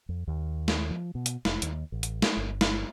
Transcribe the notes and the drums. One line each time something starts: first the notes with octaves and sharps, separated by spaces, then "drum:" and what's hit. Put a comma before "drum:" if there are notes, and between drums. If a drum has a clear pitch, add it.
F2
D#2
drum: snare
F3
B2
drum: hi-hat
F1, drum: snare
D#2, drum: hi-hat
A1
drum: hi-hat
drum: snare
G1
drum: snare